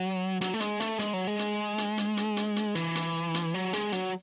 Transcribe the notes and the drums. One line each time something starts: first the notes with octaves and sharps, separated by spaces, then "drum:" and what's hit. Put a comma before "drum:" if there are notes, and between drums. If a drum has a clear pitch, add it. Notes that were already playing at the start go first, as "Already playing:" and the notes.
Already playing: F#3
F#3, drum: hi-hat
A3
G#3, drum: hi-hat
A3, drum: hi-hat
G#3, drum: hi-hat
F#3
G#3
drum: hi-hat
drum: hi-hat
drum: hi-hat
drum: hi-hat
drum: hi-hat
drum: hi-hat
E3, drum: hi-hat
drum: hi-hat
drum: hi-hat
F#3
G#3, drum: hi-hat
F#3, drum: hi-hat